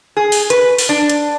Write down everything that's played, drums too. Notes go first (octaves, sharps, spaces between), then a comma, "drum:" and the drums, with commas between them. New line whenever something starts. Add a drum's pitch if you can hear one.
G#4
drum: open hi-hat
B4, drum: hi-hat
drum: open hi-hat
D4
drum: hi-hat